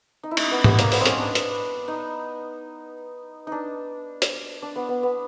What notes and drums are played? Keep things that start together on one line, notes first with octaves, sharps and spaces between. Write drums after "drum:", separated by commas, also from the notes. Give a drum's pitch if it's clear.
D#4
E4
D#4, drum: cymbal
B3
B3, drum: tom G#2
A#3, drum: hi-hat
B3, drum: open hi-hat
C4
C#4, drum: hi-hat
D4
drum: hi-hat
D#4
D4 D#4
drum: hi-hat
D4
B3
B3
B3